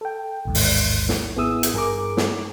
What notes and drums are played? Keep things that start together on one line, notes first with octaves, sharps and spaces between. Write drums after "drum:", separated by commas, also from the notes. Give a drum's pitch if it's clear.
A4 G5
A1 D#2 G#2
drum: open hi-hat
drum: snare
G#1 B3 E4 G#4 D#6 E6
drum: hi-hat
G2 G#4 A#4 A#5 D6
drum: snare